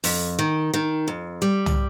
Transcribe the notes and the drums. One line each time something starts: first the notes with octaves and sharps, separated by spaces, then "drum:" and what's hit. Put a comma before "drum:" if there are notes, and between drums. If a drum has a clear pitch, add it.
F2, drum: open hi-hat
D#3
D#3
F2
G3
drum: tom C2